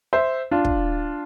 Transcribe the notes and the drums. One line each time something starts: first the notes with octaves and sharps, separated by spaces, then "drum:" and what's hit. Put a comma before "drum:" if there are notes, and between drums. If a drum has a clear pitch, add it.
C5 E5
D4 F4
drum: kick